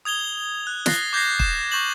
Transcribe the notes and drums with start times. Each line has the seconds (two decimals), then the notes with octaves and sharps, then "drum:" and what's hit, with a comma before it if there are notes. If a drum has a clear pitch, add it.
0.05 D#6 G#6 F7 G7
0.67 F#6
0.86 F#6 A6 A#6 C7 G7, drum: snare
1.13 D6 G6 G#6 A#6 C7
1.40 E7, drum: kick
1.72 C#6 G6 E7 F#7